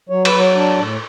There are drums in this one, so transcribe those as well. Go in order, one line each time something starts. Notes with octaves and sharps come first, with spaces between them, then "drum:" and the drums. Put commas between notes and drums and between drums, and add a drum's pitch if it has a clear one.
F#3 C#5
B4, drum: cymbal
F#3
C#5
D4
A2